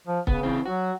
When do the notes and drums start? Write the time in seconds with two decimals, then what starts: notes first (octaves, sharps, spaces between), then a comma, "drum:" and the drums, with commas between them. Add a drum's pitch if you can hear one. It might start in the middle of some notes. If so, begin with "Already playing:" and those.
0.07 F3
0.27 C#3 B3, drum: kick C#1
0.43 E3 C4
0.65 F#3 F#4